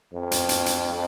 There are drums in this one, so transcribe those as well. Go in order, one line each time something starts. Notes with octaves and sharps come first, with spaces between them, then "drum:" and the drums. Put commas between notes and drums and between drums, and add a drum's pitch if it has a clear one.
F2
drum: hi-hat
drum: hi-hat
drum: hi-hat